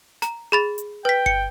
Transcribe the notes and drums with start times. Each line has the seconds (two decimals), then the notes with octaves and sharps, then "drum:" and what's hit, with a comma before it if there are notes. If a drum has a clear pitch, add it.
0.22 A#5, drum: snare
0.52 G#4 B5 A6
0.78 drum: hi-hat
1.05 B4 G5 B6
1.26 C#7, drum: kick G1